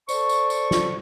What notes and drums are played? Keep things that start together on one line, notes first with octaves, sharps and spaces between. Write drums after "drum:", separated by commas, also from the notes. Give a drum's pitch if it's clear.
A4 C5 D5 C#6, drum: tambourine
drum: tambourine
drum: tambourine
drum: snare